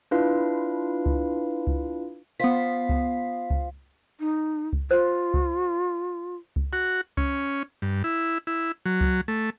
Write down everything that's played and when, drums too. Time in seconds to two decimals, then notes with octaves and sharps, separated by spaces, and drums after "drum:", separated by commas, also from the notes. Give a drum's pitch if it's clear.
0.11 D4 E4 F4 B4 F5
1.06 drum: kick C#2
1.67 drum: kick C#2
2.39 B3 F4 C5 B6
2.89 drum: kick C#2
3.50 drum: kick C#2
4.20 D#4
4.73 drum: kick C#2
4.91 F4 C5
5.34 drum: kick C#2
6.56 drum: kick C#2
6.73 F#4
7.17 C#4, drum: kick C#2
7.82 G2
8.04 E4
8.47 E4
8.86 F#3
9.01 drum: kick C#2
9.28 A3